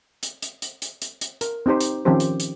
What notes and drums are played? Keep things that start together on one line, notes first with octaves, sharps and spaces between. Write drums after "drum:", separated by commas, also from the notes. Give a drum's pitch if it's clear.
drum: hi-hat
drum: hi-hat
drum: hi-hat
drum: hi-hat
drum: hi-hat
drum: hi-hat
A#4, drum: hi-hat
C4 D#4 G4 C5
drum: hi-hat
D#3 F3 C4 C#4 G4 C5
drum: hi-hat
drum: hi-hat